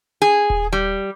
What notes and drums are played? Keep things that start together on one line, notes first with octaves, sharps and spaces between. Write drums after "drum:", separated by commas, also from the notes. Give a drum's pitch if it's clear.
G#4
drum: kick D#1
G3